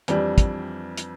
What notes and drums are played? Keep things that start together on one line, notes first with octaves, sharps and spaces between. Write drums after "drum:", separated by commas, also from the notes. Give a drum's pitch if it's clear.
F2 E3 G3 D4, drum: hi-hat
drum: kick, hi-hat
drum: hi-hat